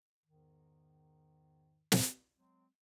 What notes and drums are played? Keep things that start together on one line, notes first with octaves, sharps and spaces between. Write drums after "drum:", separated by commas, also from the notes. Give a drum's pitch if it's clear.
E2 G#2 D#3
drum: snare
F#3 G#3 C4